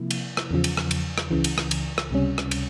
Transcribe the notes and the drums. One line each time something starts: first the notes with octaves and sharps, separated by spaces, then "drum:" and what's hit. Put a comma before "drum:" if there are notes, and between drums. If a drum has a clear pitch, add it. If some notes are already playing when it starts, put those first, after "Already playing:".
Already playing: C3 F3 A#3 E4
drum: cymbal
drum: rim click
E2 C#3 F3
drum: cymbal
drum: rim click
drum: cymbal
drum: rim click
C#2 C#3 E3
drum: cymbal
drum: rim click
drum: cymbal
drum: rim click
C#2 C3 G3 C#4
drum: rim click
drum: cymbal